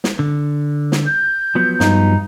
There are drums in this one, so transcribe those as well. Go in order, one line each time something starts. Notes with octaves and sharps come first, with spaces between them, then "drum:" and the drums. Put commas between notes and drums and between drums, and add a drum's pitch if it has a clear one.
drum: snare
D3
drum: snare
G6
F3 F#3 B3
G2 D#4, drum: snare